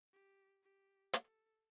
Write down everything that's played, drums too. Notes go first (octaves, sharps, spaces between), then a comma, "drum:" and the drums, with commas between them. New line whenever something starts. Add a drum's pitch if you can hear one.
G4
G4
A4, drum: hi-hat